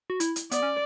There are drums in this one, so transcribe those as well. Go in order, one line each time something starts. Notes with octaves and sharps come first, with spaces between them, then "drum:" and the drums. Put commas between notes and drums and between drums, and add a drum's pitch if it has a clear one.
F#4
E4, drum: hi-hat
drum: hi-hat
B3 D5, drum: hi-hat
C#4